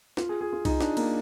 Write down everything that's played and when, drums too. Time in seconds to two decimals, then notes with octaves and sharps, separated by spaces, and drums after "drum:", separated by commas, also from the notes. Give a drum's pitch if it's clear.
0.17 F4, drum: snare
0.29 G#4
0.41 G#4
0.53 F4
0.65 D#4, drum: kick C2, cymbal
0.81 D4, drum: snare
0.97 A#3, drum: cymbal